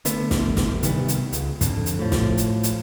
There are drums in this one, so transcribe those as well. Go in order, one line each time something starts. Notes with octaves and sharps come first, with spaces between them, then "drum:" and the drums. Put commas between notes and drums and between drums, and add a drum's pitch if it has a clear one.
D3 A3 B3, drum: hi-hat
drum: snare
drum: snare
C3 D#3 G3 B3, drum: hi-hat
drum: hi-hat
C#2, drum: hi-hat
F2 D3, drum: kick, hi-hat
drum: hi-hat
A2 F3
drum: snare
drum: hi-hat
drum: hi-hat